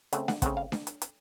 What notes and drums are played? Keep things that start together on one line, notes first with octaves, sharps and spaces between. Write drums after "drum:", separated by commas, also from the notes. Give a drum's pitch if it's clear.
C#3 A3 C4 F#5, drum: hi-hat
F#5, drum: snare D4
C#3 A3 C4 F#5, drum: kick, hi-hat
F5
drum: snare D4
drum: hi-hat
drum: hi-hat